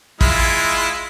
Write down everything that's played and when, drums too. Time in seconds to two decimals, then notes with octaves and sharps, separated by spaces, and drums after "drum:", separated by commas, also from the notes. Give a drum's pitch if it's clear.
0.21 G#3 E4 F4, drum: kick